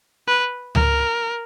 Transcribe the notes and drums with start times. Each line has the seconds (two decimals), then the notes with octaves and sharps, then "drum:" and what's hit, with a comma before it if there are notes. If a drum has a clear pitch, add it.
0.27 B4
0.75 A#4, drum: tom C#2